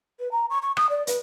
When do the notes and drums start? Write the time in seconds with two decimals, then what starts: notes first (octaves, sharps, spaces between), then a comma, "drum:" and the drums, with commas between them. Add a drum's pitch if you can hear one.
0.20 B4
0.32 A#5
0.50 C#6
0.62 C#6
0.77 D#6, drum: rim click
0.90 D5
1.07 B4, drum: hi-hat